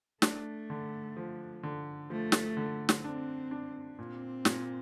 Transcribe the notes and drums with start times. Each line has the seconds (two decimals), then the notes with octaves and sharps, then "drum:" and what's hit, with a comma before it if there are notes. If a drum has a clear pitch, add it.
0.22 A3 D4, drum: snare
0.70 D3
1.17 F3
1.63 D3
2.10 F3 A3
2.32 drum: snare
2.57 D3
2.89 drum: snare
3.04 C4 D4
3.51 D4
3.98 A#2 C4
4.45 A#2, drum: snare